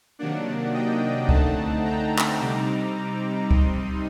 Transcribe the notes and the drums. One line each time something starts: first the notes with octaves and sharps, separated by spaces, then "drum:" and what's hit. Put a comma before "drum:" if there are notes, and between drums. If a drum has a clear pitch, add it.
C3 D#3 F#3 A#3 D4 D5 F#5
D#5 G5
D3 A3 C4 D#4 F#5 A5, drum: kick C#2
G5 A#5
drum: clap
C3 G3 C4 D#4 A#5 D6
C3 G3 C4 D#4 C6 D#6, drum: kick C#2